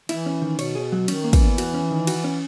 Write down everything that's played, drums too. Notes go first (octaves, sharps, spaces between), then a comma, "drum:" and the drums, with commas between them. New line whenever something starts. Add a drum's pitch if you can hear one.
E3 E4, drum: cymbal
C#4
D#3
B2 C#5, drum: cymbal
G#4
F#3
D#3 C#4, drum: cymbal
A#3
E3, drum: kick, cymbal
E2
F#4, drum: cymbal
C#4
D#3
F#4, drum: cymbal
C#4